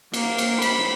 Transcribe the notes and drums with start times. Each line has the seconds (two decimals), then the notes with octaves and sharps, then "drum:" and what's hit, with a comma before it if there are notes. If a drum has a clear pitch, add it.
0.14 A#3, drum: cymbal
0.38 drum: cymbal
0.62 B5, drum: cymbal